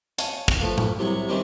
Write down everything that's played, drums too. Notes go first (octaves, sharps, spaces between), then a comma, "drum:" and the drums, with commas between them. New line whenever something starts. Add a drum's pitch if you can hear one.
C#5 F5 G#5 A5, drum: hi-hat
drum: kick
F3 A3 A4 B4 F5
drum: tom A2
C2 C3 F#3 E4 C#5
D#3 E3 G3 C4 C#4 E4